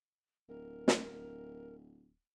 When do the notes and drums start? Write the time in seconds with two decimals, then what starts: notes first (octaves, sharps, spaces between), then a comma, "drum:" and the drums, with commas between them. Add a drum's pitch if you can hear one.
0.49 D1 A#4
0.88 drum: snare